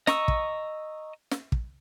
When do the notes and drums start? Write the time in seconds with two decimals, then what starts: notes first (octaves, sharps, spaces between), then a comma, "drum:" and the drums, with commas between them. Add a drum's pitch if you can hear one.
0.07 D#5 A#5 C#6 D#6 E6, drum: snare
0.28 drum: kick
1.31 drum: snare
1.52 drum: kick